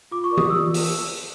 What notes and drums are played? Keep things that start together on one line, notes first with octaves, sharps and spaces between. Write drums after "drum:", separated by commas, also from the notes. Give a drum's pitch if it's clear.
F4 D6
C#6
A#4 D5
D#6, drum: tom
F4 E6
drum: open hi-hat